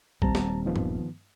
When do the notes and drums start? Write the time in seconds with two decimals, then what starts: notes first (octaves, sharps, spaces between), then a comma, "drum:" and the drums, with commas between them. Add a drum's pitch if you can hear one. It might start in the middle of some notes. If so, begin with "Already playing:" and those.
0.22 D#1 G3 C4 A5 A#5, drum: kick A#1
0.35 drum: snare
0.66 D#3 F3 B3
0.76 drum: tom G2